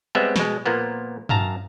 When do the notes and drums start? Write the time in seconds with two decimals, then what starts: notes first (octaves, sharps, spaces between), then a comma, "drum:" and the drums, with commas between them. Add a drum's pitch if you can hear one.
0.15 G3 G#3 B3 C4 E5
0.36 B2 G#3, drum: snare
0.66 A#2 F3 A#3 B3
1.29 F#2 F5 A5 A#5, drum: tom G2